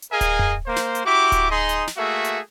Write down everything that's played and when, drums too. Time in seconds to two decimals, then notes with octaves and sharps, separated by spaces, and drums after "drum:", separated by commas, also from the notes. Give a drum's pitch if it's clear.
0.02 drum: hi-hat
0.12 G#4 A#4 D#5 F5 G#5
0.21 drum: kick D1, hi-hat
0.39 drum: tom F2
0.67 A#3 C5
0.76 drum: snare
0.95 drum: hi-hat
1.05 E4 F#4 G4 D6
1.32 drum: kick D1, hi-hat
1.50 D#4 G#4 D#5 C6
1.69 drum: hi-hat
1.87 drum: snare
1.97 A3 A#3 F#4 G#4 E5
2.24 drum: hi-hat